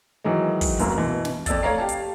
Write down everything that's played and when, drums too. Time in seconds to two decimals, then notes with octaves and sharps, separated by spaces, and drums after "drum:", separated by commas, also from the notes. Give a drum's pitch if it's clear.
0.24 D#3 E3 F#3 G#3
0.61 drum: kick, open hi-hat
0.79 F1 F#2 F#3 A#3, drum: hi-hat
0.96 B2 E3
1.25 drum: snare
1.46 F2 D5 E6 A6, drum: kick, hi-hat
1.63 A3 C#5 D5 F5 A#5 C7
1.78 G4 F5 A5
1.89 drum: hi-hat